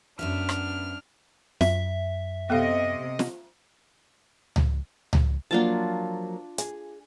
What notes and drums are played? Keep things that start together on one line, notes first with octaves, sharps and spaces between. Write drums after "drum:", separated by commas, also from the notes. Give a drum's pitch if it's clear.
F#2 B3 D4 E5 F6
drum: rim click
F#2 E5, drum: snare
C3 B3 A4 D#5 F5
drum: snare
drum: tom C#2
drum: tom C#2
F3 F#3 A#3 D4 F4 A5
G#4, drum: hi-hat